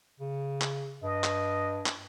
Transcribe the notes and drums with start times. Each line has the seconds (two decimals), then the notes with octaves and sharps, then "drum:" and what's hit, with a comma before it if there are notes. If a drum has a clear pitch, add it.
0.20 C#3
0.61 drum: clap
1.03 G2 D#5
1.24 drum: clap
1.86 drum: clap